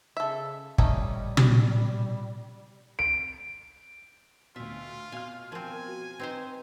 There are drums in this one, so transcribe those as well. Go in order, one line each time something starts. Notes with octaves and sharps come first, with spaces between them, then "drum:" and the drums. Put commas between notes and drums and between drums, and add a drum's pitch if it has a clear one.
C#3 A4 E5
G3 A3 C#4 D#4, drum: kick
drum: tom
D7
D2 B2 F4 E5
B2 F5 G#5 F6
F3 C4 A#4 G#5
F#4
C4 D#4 B4 C5